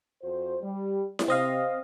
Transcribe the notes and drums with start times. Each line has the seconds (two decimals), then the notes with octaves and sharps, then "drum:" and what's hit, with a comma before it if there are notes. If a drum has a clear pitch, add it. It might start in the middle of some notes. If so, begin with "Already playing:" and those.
0.22 F2 F#4 C5
0.62 G3
1.19 drum: snare E4
1.28 C3 C4 D#5 F5